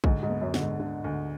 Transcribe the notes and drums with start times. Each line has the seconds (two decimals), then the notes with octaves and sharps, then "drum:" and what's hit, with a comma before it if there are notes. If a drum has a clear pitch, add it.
0.04 D2 G#2, drum: kick
0.23 G#2
0.29 B3
0.41 F#2
0.54 D3, drum: snare
0.60 G#2
0.80 D3
1.04 D2